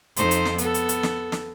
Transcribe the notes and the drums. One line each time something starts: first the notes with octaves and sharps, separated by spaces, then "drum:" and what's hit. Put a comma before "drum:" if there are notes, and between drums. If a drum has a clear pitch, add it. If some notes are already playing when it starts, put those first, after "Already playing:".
F2 D#4 C5, drum: hi-hat
drum: hi-hat
drum: snare
B3 A4, drum: hi-hat
drum: hi-hat
drum: hi-hat
drum: snare
drum: snare